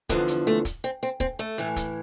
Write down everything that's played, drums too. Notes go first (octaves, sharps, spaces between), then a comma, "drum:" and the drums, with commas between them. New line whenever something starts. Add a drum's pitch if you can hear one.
E2 D3 F3 B3, drum: kick
drum: hi-hat
A3
drum: kick, hi-hat
C4
C4
C4, drum: kick
A3
A2 E3
drum: kick, hi-hat